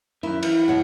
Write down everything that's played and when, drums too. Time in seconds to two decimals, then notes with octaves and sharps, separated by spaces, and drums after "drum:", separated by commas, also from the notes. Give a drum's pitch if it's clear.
0.23 F#2 D#3 E4
0.43 E3, drum: cymbal
0.68 B2 C#5 F#5